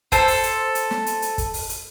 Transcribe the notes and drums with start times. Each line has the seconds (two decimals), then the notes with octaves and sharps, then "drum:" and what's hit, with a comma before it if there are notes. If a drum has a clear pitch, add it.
0.12 A4 C5, drum: kick, hi-hat
0.28 drum: open hi-hat
0.43 drum: hi-hat
0.75 drum: hi-hat
0.91 drum: snare
1.06 drum: hi-hat
1.22 drum: hi-hat
1.38 drum: kick, hi-hat
1.54 drum: open hi-hat
1.69 drum: hi-hat